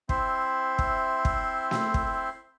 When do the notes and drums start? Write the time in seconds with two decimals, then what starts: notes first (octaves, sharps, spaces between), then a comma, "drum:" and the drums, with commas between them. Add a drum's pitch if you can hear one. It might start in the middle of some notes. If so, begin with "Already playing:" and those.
0.09 C4 E4 C5 E5 C6, drum: kick
0.79 drum: kick
1.25 drum: kick
1.71 drum: snare
1.94 drum: kick